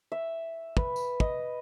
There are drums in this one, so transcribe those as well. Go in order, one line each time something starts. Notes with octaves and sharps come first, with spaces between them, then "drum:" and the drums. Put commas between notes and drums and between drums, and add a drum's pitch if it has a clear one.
E5
B4, drum: kick
drum: tambourine
D#5, drum: kick